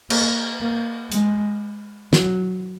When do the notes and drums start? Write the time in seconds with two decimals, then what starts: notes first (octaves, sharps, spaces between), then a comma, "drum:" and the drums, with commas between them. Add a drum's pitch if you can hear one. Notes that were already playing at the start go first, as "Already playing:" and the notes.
0.10 A#3, drum: cymbal
0.61 A#3
1.12 G#3, drum: hi-hat
2.13 F#3, drum: snare